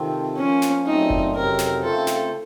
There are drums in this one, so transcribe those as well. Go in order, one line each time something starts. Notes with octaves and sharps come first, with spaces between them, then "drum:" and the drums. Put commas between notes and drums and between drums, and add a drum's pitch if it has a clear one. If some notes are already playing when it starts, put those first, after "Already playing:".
Already playing: C3 D#3 A3 C4 F4
F3 A#3 C#4 F4
drum: snare
A#2 F#3 A3 C4 D#4 F4
drum: kick F#1
F2 C3 F#3 C4 A#4
drum: snare
C#3 A3 C4 F4 A4 C5
drum: snare